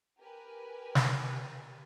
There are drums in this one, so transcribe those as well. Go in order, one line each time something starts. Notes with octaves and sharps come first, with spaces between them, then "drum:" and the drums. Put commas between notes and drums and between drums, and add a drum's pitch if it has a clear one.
G4 A#4 B4 G#5
drum: snare